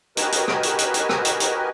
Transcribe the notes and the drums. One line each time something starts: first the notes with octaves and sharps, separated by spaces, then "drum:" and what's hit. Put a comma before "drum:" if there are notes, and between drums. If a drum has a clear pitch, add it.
F#4 G4 A#4 B4 D#5 G#5, drum: hi-hat
drum: hi-hat
drum: rim click
drum: hi-hat
drum: hi-hat
drum: hi-hat
drum: rim click
drum: hi-hat
drum: hi-hat